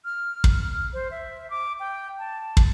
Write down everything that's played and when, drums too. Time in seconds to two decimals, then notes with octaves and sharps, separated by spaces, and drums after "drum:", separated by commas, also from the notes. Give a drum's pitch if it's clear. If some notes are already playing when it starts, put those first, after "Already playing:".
0.05 F6
0.44 drum: kick
0.94 C5
1.11 E5
1.50 D6
1.80 G5
2.19 A5
2.57 drum: kick